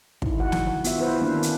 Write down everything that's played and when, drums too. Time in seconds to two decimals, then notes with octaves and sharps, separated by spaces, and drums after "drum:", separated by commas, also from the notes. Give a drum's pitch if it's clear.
0.22 D#4 E4, drum: kick
0.38 D#3 F#4 F#5
0.52 drum: snare
0.84 B3 F4 F#4 E5, drum: hi-hat
0.98 E4 F4 B4 C5 E5
1.21 D#3 A#3 C#4 D4
1.43 drum: hi-hat